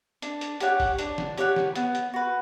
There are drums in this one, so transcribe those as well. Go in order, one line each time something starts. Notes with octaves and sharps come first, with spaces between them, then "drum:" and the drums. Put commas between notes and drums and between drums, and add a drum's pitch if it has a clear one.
D4, drum: hi-hat
drum: hi-hat
G4 C#5 F#5, drum: hi-hat
drum: kick F#1, open hi-hat
D4, drum: hi-hat
drum: snare
G4 C#5 F#5, drum: hi-hat
drum: snare
B3, drum: hi-hat
drum: hi-hat
F#4 B4